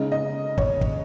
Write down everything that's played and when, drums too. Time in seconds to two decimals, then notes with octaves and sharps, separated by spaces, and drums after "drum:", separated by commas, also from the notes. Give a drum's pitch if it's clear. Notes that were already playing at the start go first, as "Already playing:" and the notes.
Already playing: C#3 G#3 D#4
0.12 D#5
0.58 C#5, drum: kick
0.81 drum: kick